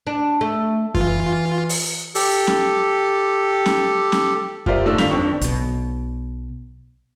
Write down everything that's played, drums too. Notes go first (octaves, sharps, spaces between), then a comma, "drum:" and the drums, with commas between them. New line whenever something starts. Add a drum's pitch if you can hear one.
D4
A3
E3 F4, drum: kick F#2
drum: open hi-hat
G4 A4, drum: open hi-hat
drum: snare C#4
drum: snare C#4
drum: snare C#4
F4 G4 A#4 C5 D5 E5, drum: kick F#2
G#1 G#2 A3 D4 F4 E6
G#1 D#3 F5 G6 B6 F7, drum: snare C#4
G1 F2 D4 C#6
B1 B2, drum: hi-hat